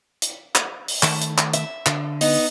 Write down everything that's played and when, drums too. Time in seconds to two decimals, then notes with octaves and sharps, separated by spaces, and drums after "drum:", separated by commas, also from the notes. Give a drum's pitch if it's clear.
0.22 drum: hi-hat
0.55 drum: clap
0.88 drum: open hi-hat
1.03 D#3 A3 A5, drum: clap
1.22 drum: hi-hat
1.38 drum: clap
1.53 E5, drum: hi-hat
1.86 D3, drum: clap
2.21 B3 D#4, drum: open hi-hat